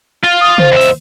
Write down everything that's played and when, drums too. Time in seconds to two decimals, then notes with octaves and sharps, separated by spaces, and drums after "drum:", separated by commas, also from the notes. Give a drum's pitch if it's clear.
0.24 F4
0.41 D#6
0.58 C5, drum: tom
0.72 D#2 E5
0.81 drum: open hi-hat